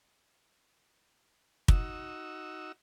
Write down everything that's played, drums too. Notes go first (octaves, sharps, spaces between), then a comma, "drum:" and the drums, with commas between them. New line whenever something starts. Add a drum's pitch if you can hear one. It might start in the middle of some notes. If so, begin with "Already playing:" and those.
D#4 F#4 E6, drum: kick